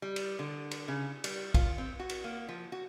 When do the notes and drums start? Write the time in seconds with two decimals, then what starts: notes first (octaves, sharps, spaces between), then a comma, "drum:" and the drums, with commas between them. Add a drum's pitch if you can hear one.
0.02 G3
0.16 drum: cymbal
0.39 D3
0.71 drum: cymbal
0.88 C#3
1.24 G3, drum: cymbal
1.54 F4, drum: kick, cymbal
1.78 C4
2.00 F#4
2.09 drum: cymbal
2.24 A#3
2.48 F3
2.72 F#4